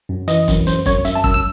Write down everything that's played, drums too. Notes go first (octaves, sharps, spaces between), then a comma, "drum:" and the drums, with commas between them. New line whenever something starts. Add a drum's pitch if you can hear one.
F#2
E3 D#5, drum: hi-hat
F#2, drum: kick, hi-hat
F#2 C5, drum: hi-hat
F#2 C#5, drum: kick, hi-hat
F#2 E5, drum: hi-hat
A5
F#2 E6, drum: kick
E6